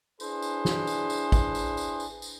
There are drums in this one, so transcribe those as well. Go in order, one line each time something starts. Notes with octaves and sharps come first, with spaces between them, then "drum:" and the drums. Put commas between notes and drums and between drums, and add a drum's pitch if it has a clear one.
D4 E4 G#4 B4 C5, drum: tambourine
drum: tambourine
drum: snare
drum: tambourine
drum: tambourine
drum: kick G#1, tambourine
drum: tambourine
drum: tambourine
drum: tambourine
drum: tambourine